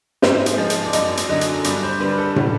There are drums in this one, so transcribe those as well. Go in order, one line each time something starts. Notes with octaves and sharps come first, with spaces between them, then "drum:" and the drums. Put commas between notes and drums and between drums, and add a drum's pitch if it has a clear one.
G#2, drum: snare
drum: hi-hat
F3 G#3
drum: hi-hat
D5
F#2 D#5, drum: hi-hat
drum: hi-hat
D3 F#3 D#5
drum: hi-hat
G2 D5, drum: hi-hat
C5
D3 G3 B4
A4
drum: tom